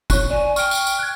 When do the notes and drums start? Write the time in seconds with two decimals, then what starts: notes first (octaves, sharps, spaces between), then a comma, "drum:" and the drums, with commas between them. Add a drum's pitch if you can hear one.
0.10 C#5 C#6 F#6, drum: kick, tambourine
0.30 D5 G#5
0.56 G5 C#6 F6, drum: tambourine
0.71 drum: tambourine
0.87 drum: tambourine
0.99 F#6 G#6